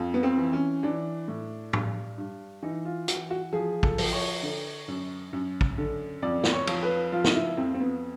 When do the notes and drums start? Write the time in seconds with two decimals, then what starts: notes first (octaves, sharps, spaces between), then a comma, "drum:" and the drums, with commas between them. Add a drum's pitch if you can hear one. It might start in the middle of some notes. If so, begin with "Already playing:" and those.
Already playing: F2 F3
0.14 B3
0.23 C4
0.37 E3
0.53 C#4
0.83 E3 D4
1.28 A2
1.73 G2, drum: tom
2.18 G2
2.63 E3 D#4
2.85 F4
3.08 E3 F#4, drum: hi-hat
3.30 F#4
3.53 F3 G#4
3.83 A4, drum: kick
3.98 F3, drum: open hi-hat
4.13 C#5
4.43 D3
4.88 F#2
5.33 F#2
5.61 drum: kick
5.78 D3
6.22 F2 D5
6.44 drum: snare
6.53 C#5
6.67 F3, drum: cymbal
6.83 B4
7.12 F3 F4
7.24 D#4, drum: snare
7.35 E4
7.57 F2 C4
7.74 C4
7.80 B3